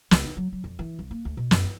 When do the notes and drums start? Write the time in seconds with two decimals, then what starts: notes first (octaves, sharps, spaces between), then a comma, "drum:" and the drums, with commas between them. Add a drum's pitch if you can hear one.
0.11 C#2, drum: snare
0.25 D#4
0.37 F#3
0.52 F#3
0.64 F2
0.79 E3
0.99 C2
1.11 A#3
1.25 D2
1.37 B2
1.51 F#2, drum: snare
1.64 E4